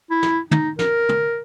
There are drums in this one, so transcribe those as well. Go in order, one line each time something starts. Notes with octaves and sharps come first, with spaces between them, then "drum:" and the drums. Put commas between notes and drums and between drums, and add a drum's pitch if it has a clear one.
E4
drum: snare
D#4, drum: tom
A#4, drum: snare
drum: tom